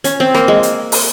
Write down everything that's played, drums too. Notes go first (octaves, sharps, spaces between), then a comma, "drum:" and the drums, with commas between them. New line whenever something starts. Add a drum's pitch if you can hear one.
C#4, drum: hi-hat
C4
A#3, drum: rim click
G#3
drum: hi-hat
drum: open hi-hat